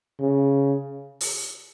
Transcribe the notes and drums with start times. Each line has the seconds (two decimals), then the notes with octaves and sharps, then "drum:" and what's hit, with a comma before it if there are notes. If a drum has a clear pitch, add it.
0.20 C#3
1.21 drum: open hi-hat